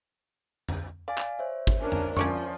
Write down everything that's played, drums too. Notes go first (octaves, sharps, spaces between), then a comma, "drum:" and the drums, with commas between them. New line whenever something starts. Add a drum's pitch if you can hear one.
drum: tom F2
D5 F5 G#5
drum: clap
C5 C#5 E5
drum: kick
C#4 D4 A#4
drum: tom F2
F3 C#4 D5 C#6, drum: tom F2